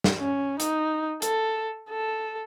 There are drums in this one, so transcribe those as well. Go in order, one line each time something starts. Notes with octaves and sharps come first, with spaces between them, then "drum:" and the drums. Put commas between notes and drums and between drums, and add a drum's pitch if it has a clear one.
drum: snare
C#4
D#4, drum: hi-hat
A4, drum: hi-hat
A4